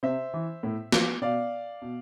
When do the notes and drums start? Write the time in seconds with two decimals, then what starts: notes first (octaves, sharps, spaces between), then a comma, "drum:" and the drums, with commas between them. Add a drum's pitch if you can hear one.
0.03 C3 C5 E5
0.34 E3
0.63 A2
0.92 F3, drum: snare
1.21 B2 D5 F5
1.82 B2